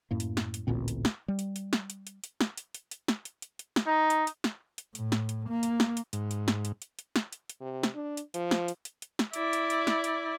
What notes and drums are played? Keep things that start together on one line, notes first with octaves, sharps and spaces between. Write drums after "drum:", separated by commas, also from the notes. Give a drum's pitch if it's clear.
F#2 A2 A#3
drum: hi-hat
drum: snare
drum: hi-hat
A1 D2 A#2 C4
drum: hi-hat
drum: snare
G3
drum: hi-hat
drum: hi-hat
drum: snare
drum: hi-hat
drum: hi-hat
drum: hi-hat
drum: snare
drum: hi-hat
drum: hi-hat
drum: hi-hat
drum: snare
drum: hi-hat
drum: hi-hat
drum: hi-hat
drum: snare
D#4
drum: hi-hat
drum: hi-hat
drum: snare
drum: hi-hat
A2, drum: hi-hat
drum: snare
drum: hi-hat
A#3
drum: hi-hat
drum: snare
drum: hi-hat
G#2, drum: hi-hat
drum: hi-hat
drum: snare
drum: hi-hat
drum: hi-hat
drum: hi-hat
drum: snare
drum: hi-hat
drum: hi-hat
C3
drum: snare
D4
drum: hi-hat
F3, drum: hi-hat
drum: snare
drum: hi-hat
drum: hi-hat
drum: hi-hat
drum: snare
E4 D5, drum: hi-hat
drum: hi-hat
drum: hi-hat
drum: snare
drum: hi-hat